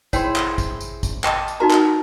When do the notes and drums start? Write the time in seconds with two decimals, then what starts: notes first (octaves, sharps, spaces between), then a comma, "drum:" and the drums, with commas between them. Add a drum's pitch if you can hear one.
0.13 E4 G#4 C5 C#5 G5, drum: kick G#1, tambourine
0.36 drum: clap
0.58 drum: kick G#1, tambourine
0.81 drum: tambourine
1.03 drum: kick G#1, tambourine
1.24 D#5 G5 A5 D6, drum: clap
1.48 drum: tambourine
1.60 D#4 F#4 A#4 A#5
1.71 drum: clap